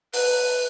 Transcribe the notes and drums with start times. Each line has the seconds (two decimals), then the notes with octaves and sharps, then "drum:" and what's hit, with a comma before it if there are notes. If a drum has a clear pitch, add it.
0.13 B4, drum: open hi-hat